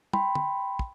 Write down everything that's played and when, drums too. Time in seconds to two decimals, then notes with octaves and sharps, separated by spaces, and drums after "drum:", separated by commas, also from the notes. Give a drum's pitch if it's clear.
0.13 G5 B5 C6, drum: tom
0.35 drum: tom
0.79 drum: kick